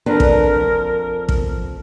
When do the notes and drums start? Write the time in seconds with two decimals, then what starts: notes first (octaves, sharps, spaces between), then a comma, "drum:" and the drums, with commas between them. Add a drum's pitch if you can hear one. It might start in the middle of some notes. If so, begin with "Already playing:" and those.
0.06 F2 D4 A#4 B4
0.20 drum: kick
1.29 drum: kick